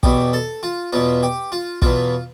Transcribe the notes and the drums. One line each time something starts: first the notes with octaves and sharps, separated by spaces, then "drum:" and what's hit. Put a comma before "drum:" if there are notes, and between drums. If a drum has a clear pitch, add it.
E2 B2 G4, drum: kick
A4
F4
E2 B2 F4
G4
F4
E2 B2 F4, drum: kick